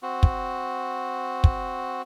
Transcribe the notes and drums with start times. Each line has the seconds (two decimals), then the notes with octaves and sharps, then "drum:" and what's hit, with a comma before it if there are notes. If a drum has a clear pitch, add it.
0.03 C4 F#4
0.23 drum: kick
1.44 drum: kick